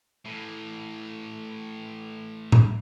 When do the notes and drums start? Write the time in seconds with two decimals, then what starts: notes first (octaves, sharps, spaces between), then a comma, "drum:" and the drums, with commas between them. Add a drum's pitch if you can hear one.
0.25 A2 E3
2.52 drum: tom A2